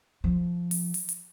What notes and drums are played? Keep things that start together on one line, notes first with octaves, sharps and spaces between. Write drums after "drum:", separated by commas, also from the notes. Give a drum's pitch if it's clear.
F3
drum: open hi-hat
drum: open hi-hat
drum: hi-hat